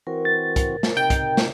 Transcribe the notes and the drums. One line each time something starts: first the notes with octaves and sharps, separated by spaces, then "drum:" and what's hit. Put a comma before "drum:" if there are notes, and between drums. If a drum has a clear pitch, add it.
E3 C4 F#4 A#4
A6
drum: kick, hi-hat
drum: snare
C3 D#4 G5
drum: kick, hi-hat
drum: snare